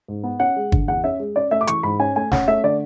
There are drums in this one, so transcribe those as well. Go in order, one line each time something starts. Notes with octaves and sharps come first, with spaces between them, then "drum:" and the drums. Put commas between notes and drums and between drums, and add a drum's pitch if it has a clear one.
G#2
B3
C#4 F#5
G#3
D3, drum: kick
E2 F#5
C#4 E5
G#3
C#4 D5
A3 E5
D6
E3 C#6, drum: hi-hat
G#2 B5
C#4 G#5
A3 G#5
C#4 F#5, drum: snare
A3 E5
D3 D5